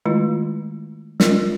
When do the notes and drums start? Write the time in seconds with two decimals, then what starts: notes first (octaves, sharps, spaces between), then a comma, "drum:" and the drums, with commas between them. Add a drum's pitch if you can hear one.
0.05 D#3 G#3 A3 E4 F4
1.20 G#3 F4 A#4, drum: snare